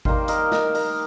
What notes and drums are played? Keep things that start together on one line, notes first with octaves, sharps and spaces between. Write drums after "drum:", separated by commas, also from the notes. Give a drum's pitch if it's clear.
D#3 G3 A#3 C5 F5, drum: kick G#1
A#4 D#5, drum: hi-hat
A#4 D#5, drum: snare
A#4 D#5, drum: open hi-hat